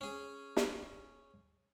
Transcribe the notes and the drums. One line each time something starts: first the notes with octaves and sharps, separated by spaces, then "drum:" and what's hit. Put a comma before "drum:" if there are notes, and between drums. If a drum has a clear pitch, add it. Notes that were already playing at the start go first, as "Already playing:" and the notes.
C#4 G#4
drum: snare